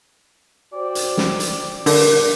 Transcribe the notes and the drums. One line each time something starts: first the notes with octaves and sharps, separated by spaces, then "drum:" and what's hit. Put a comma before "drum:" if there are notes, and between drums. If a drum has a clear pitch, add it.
F#4 C5 D5 G5
drum: hi-hat
drum: snare
drum: hi-hat
A#1 D3 G3 B3 G4 A#4, drum: open hi-hat